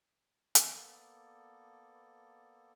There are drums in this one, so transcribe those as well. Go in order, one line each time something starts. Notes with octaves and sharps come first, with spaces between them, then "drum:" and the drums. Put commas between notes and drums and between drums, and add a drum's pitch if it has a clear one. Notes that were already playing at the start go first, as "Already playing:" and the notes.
drum: hi-hat
A#3 B3 A4 D5